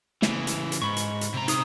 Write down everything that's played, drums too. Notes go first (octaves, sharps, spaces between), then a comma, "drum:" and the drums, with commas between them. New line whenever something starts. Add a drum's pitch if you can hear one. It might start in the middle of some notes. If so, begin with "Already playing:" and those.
C#3 E3, drum: snare
drum: hi-hat
drum: hi-hat
G#2 B5 C#6
drum: hi-hat
drum: hi-hat
C3 A#5
D#4 D#6, drum: hi-hat